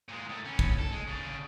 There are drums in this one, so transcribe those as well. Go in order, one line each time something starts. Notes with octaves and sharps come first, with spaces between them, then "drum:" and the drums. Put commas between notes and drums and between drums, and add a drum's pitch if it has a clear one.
A#2 G#3
A2 A3
E3 C#4
drum: kick
A4
G#3
C#3 D4